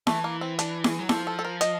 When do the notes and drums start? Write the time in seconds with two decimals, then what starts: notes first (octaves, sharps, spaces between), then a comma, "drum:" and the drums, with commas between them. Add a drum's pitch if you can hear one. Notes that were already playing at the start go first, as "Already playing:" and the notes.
0.07 E3 A3, drum: snare E4
0.24 A#3
0.41 C4
0.59 D4, drum: hi-hat
0.84 G#4, drum: snare E4
0.99 F#3
1.09 F3 A4, drum: snare E4
1.27 A4
1.39 A4
1.45 A#4
1.61 D#5, drum: hi-hat